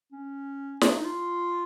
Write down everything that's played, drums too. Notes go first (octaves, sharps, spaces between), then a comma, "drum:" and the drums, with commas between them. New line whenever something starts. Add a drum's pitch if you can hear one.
C#4
D4, drum: snare
D#4
F4